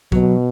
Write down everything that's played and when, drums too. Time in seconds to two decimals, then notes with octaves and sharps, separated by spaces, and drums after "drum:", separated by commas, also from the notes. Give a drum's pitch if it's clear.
0.12 B2 F#3, drum: kick